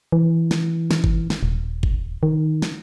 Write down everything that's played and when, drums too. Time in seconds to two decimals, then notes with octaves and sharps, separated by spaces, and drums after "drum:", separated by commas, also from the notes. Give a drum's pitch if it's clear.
0.12 E3
0.51 drum: snare
0.91 drum: snare
1.04 drum: kick G#1
1.30 drum: snare
1.43 D#1
1.83 drum: kick G#1
2.23 D#3
2.62 drum: snare